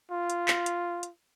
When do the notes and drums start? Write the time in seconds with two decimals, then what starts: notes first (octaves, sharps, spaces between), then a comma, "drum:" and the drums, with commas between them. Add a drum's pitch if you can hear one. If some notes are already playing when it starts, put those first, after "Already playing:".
0.11 F4
0.30 drum: hi-hat
0.48 drum: clap
0.66 drum: hi-hat
1.03 drum: hi-hat